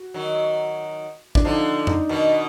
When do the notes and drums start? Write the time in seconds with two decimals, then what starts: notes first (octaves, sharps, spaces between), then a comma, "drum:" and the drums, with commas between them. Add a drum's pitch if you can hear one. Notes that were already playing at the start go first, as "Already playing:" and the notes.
Already playing: F#4
0.14 D#3 F#3
1.35 D4, drum: kick A1
1.45 D3 F3 D#4
1.87 D#4, drum: tom F2
2.09 B2 D#3